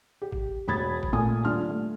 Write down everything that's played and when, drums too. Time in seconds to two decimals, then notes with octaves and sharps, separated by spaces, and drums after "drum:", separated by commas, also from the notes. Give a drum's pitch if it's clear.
0.22 G4
0.32 drum: kick G#1
0.68 E1 B5 D#6 G#6 A6
1.03 drum: kick G#1
1.13 A#2 A3 G#5 D#6
1.44 D#1 D4 F4 F6
1.69 A3